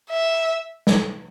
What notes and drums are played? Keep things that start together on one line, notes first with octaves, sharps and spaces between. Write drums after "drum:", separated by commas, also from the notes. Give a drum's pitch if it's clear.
E5
drum: snare